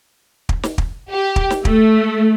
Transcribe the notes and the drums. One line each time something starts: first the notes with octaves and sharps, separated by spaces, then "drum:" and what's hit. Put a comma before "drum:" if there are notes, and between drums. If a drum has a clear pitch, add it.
drum: kick
drum: snare
drum: kick
G4
drum: kick
drum: snare
A3, drum: kick